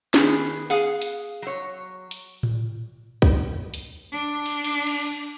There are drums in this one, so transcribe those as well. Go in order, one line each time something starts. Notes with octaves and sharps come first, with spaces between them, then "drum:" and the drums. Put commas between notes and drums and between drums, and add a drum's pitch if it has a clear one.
D#3 B3 G#4, drum: snare
G#4 F5 F#5, drum: open hi-hat
drum: hi-hat
F#3 C#5
drum: hi-hat
drum: tom A2
drum: kick
drum: hi-hat
D4
drum: cymbal
drum: cymbal
drum: cymbal